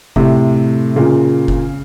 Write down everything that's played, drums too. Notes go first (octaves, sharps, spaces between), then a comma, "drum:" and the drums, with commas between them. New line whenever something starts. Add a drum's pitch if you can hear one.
A2 C3, drum: kick F#1
A#2 C#3
drum: kick F#1